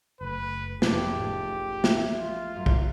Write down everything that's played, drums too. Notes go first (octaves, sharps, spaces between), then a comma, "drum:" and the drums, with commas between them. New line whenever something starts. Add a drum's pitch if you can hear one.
F#1 A3 B4
F1 F2 C3 C4 G4 G#4 A5, drum: snare
A1
E5, drum: snare
F4
F#2
drum: kick